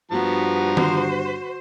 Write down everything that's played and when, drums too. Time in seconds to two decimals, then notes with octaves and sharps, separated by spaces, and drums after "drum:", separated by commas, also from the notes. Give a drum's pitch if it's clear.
0.11 G2 F3 B3 F#4 A#5
0.77 C5, drum: tom D#3